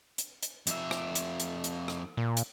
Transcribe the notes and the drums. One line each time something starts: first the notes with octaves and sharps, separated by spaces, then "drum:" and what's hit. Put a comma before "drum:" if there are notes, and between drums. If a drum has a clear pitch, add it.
drum: hi-hat
drum: hi-hat
F2 E5, drum: hi-hat
drum: rim click
drum: hi-hat
drum: hi-hat
drum: hi-hat
drum: rim click
A#2
drum: hi-hat